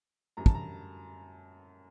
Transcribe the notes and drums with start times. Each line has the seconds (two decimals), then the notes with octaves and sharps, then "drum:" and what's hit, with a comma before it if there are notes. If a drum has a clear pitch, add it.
0.37 F#2 D3 G3 A#5
0.46 A5, drum: kick
0.55 A#5